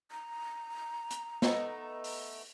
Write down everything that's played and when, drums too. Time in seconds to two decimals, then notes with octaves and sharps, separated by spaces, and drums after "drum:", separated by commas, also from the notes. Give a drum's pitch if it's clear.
0.11 A#5
1.11 drum: hi-hat
1.42 A3 B3 D#4, drum: snare
2.04 drum: open hi-hat